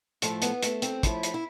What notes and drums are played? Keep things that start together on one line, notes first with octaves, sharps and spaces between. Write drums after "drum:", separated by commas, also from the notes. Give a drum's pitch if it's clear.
A2 F3 A3, drum: hi-hat
B3, drum: hi-hat
A3, drum: hi-hat
C4, drum: hi-hat
A2 F3 E4, drum: kick, hi-hat
drum: hi-hat
E4